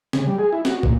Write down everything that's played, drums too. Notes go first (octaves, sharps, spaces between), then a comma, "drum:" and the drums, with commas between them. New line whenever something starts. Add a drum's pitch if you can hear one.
C#3, drum: snare C4
G3
G#4
E4
F#4, drum: snare C4
A#2, drum: kick